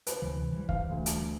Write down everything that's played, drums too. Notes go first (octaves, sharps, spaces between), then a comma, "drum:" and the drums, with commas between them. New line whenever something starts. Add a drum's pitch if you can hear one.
B4 C5, drum: hi-hat
D2 C3 E3
E3 G3
F5, drum: kick
D2
drum: hi-hat